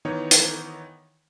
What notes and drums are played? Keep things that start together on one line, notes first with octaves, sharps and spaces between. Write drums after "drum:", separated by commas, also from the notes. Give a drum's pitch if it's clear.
D#3 E3 B3 D#4 C#5
drum: hi-hat